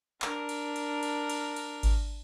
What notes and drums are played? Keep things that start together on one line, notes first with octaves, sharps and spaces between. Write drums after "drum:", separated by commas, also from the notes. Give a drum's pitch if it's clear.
D4 A#4, drum: clap
drum: cymbal
drum: cymbal
drum: cymbal
drum: cymbal
drum: cymbal
drum: kick G#1, cymbal